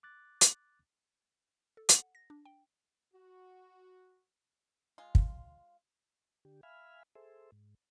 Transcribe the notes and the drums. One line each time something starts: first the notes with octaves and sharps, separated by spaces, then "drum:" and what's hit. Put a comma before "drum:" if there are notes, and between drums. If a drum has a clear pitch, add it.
D6 F#6 A6
drum: hi-hat
A4
F#5, drum: hi-hat
A#6
D4
G5
F#4
G#3 F4
drum: kick
D3 G4
E5 F5 G#5 B5 F6
G#4 A4 C5 E5
G#2